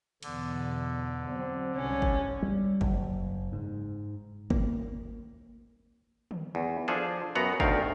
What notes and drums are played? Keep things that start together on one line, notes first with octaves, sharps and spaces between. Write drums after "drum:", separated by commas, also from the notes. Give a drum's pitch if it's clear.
E2 B2 D3, drum: cymbal
F#3 C4
C2 G#2 C#4
drum: kick G1
G3
F#1, drum: kick G1
G#2
A#3, drum: kick G1
drum: tom
E2
F3 D4 G#4 A4
F#2 B3 F#4 F#5 A#5
D2 D#3 A3 A#4 F5, drum: kick G1